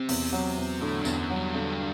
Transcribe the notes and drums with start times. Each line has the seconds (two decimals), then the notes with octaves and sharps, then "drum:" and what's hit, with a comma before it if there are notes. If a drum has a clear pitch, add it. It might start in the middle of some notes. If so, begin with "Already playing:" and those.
Already playing: C3 C4
0.09 E2, drum: open hi-hat
0.33 F#3
0.58 E2
0.81 A2 D3
1.00 G2
1.05 E2, drum: tambourine
1.17 F#2
1.30 F#3
1.36 G2
1.54 D3